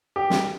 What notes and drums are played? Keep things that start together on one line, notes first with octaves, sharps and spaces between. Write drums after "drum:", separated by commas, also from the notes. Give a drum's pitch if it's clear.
G4
drum: snare